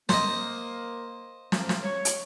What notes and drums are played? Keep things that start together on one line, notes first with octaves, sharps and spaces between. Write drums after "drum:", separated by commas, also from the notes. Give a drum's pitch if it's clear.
A#3 C5 D#5, drum: snare
G#2 F3 A#3, drum: snare
drum: snare
C#5
drum: hi-hat